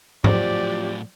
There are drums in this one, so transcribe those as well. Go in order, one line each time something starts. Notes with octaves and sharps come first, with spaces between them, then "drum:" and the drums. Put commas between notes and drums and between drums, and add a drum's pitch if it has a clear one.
A2 F3 F#3 G4 C5 D5, drum: tom G#2